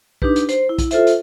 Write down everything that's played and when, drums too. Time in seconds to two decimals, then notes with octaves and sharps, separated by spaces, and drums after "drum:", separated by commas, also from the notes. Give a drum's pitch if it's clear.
0.22 D4 D#4 G4 B4, drum: kick
0.36 drum: hi-hat
0.49 C5, drum: hi-hat
0.69 E4
0.78 drum: kick, hi-hat
0.91 F4 A4 C5 E5, drum: hi-hat
1.07 drum: hi-hat